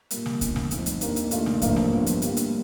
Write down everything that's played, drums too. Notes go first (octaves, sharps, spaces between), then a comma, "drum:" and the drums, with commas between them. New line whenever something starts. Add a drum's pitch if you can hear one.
A#1 A#2 G3 A#3, drum: hi-hat
drum: snare
G1 F2 D3, drum: kick C2, hi-hat
drum: snare
A2 F3 C4 D#4, drum: hi-hat
drum: hi-hat
D#2 D#3 A#3 D4, drum: hi-hat
drum: hi-hat
D#2 D#3 A3 D4 F4, drum: hi-hat
drum: snare
A1 G2 D3 F3 A#3, drum: kick C2, hi-hat
drum: snare
G1 G2 D3 F3
drum: hi-hat
A2 G3 A#3 D4 F4, drum: hi-hat
drum: hi-hat